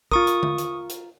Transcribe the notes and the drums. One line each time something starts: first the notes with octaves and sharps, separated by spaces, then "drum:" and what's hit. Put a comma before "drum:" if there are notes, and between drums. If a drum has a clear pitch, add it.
F4 A#4 C#6 D#6, drum: kick
drum: hi-hat
drum: tom D3
drum: hi-hat
drum: hi-hat